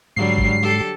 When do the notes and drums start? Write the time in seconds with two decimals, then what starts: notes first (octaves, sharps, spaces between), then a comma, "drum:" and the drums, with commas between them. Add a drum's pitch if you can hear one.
0.16 G#2 D3 F#3 G3 C7
0.38 drum: kick
0.63 G4 A4